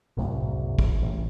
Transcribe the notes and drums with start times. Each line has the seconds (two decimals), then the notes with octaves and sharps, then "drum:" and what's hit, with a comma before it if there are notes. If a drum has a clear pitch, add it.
0.17 F#1 C2, drum: tom A2
0.79 drum: kick
1.02 A1